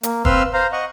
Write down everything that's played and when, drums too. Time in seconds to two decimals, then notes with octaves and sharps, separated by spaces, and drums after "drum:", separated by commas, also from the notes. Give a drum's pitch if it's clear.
0.03 A#3, drum: hi-hat
0.25 C4 B4 F5 C6 E6 F6, drum: kick
0.54 C5 F5 A#5
0.72 D#5 F#5 C#6